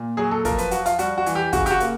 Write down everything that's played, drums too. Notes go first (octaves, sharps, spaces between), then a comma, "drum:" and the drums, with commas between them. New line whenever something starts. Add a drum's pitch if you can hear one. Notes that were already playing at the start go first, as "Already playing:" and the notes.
Already playing: A#2
F#3 G#4
A4
F3 A#4, drum: kick, hi-hat
B4, drum: hi-hat
F3 F#4, drum: hi-hat
F4, drum: hi-hat
G3 F#4, drum: hi-hat
F#4
E3, drum: hi-hat
G4
C#3 F#4, drum: kick, hi-hat
G4, drum: hi-hat
F#4
A#3, drum: hi-hat